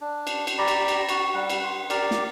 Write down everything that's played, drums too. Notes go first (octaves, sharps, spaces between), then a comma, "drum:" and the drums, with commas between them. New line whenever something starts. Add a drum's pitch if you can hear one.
D4
drum: cymbal
drum: cymbal
G4 D5 A#5 B5
drum: cymbal
drum: cymbal
F#4, drum: cymbal
G3 F#5
drum: cymbal
C6
G4 A#4 D5, drum: cymbal
drum: snare